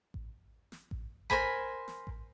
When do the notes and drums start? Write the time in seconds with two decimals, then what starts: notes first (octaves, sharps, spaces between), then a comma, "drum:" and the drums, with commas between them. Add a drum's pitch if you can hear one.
0.14 drum: kick A1
0.72 drum: snare
0.91 drum: kick A1
1.30 A#4 C5 G#5 B5, drum: kick A1
1.88 drum: snare
2.07 drum: kick A1